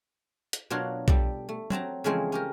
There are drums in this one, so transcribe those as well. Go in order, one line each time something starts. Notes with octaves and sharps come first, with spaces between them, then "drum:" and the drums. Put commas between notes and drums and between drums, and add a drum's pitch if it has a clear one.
drum: hi-hat
B2 F#3 D4 F4 A#4 C#5
G3 A4 D5, drum: kick
A3
F#3 C4 A5 A#5, drum: tom F#3
C#3 E3 F3 G#3 A3 C4
C#4 G4 A#4